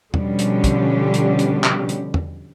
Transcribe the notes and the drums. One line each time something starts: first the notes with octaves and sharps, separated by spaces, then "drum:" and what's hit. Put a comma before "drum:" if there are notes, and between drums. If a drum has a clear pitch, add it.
B2 D3 F3 G3 C#4 G4, drum: tom
drum: hi-hat
drum: kick, hi-hat
drum: hi-hat
drum: hi-hat
drum: clap
drum: hi-hat
drum: tom